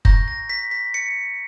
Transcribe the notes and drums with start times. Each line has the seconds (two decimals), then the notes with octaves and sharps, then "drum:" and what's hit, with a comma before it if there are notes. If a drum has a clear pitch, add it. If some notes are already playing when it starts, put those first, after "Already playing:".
0.05 A#5 C#6 G6 A#6, drum: kick F#1
0.28 A#6
0.50 B6
0.71 B6
0.94 C#7